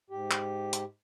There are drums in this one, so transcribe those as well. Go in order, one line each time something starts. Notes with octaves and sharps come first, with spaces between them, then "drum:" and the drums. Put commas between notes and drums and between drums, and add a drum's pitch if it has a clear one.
G#2 G4
drum: clap
drum: hi-hat